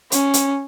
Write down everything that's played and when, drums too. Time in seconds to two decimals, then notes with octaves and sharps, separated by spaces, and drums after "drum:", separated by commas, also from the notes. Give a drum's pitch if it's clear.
0.12 C#4, drum: hi-hat
0.34 drum: hi-hat